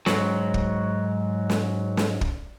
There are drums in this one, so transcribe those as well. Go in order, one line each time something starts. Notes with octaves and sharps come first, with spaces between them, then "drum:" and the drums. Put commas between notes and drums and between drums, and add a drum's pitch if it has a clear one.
G#2 F#3, drum: snare
drum: kick
drum: snare
drum: snare
drum: kick